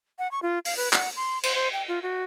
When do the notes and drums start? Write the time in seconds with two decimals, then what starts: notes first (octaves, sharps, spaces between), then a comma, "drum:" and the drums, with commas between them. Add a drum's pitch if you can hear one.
0.19 F#5
0.31 C#6
0.43 F4
0.65 F5, drum: open hi-hat
0.77 B4
0.93 F#5, drum: clap
1.16 C6
1.43 C5, drum: cymbal
1.55 C5
1.73 G5
1.88 F4
2.03 F#4